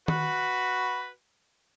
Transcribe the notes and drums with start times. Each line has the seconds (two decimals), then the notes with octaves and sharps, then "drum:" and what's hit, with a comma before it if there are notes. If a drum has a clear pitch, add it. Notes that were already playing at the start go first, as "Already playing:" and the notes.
0.08 F#4 B4, drum: tom D#3